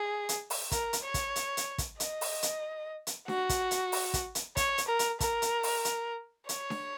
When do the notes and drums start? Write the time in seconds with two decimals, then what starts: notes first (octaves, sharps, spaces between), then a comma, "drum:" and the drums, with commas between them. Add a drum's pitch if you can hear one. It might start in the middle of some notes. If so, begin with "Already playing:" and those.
Already playing: G#4
0.29 drum: hi-hat
0.50 drum: open hi-hat
0.72 A#4, drum: kick, hi-hat
0.93 drum: hi-hat
1.03 C#5
1.14 drum: kick, hi-hat
1.36 drum: hi-hat
1.57 drum: hi-hat
1.78 drum: kick, hi-hat
2.00 D#5, drum: hi-hat
2.21 drum: open hi-hat
2.43 drum: hi-hat
3.07 drum: hi-hat
3.28 F#4, drum: snare D4
3.49 drum: kick, hi-hat
3.71 drum: hi-hat
3.92 drum: open hi-hat
4.14 drum: kick, hi-hat
4.35 drum: hi-hat
4.57 C#5, drum: kick, hi-hat
4.78 drum: hi-hat
4.88 A#4
4.99 drum: hi-hat
5.20 A#4, drum: kick, hi-hat
5.42 drum: hi-hat
5.63 drum: open hi-hat
5.85 drum: hi-hat
6.49 C#5, drum: hi-hat
6.70 drum: snare D4